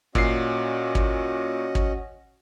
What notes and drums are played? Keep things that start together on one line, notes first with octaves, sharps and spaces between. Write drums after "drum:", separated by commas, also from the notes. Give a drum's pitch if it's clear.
A#2 C#4 F#4 D#5 C7, drum: kick
drum: kick
drum: kick